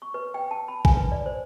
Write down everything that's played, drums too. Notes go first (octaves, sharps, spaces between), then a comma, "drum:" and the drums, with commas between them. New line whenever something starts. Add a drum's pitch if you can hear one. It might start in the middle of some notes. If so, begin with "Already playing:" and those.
C#6
B4
G5
A5
B5
G#5, drum: kick A#1
B4
D5
C5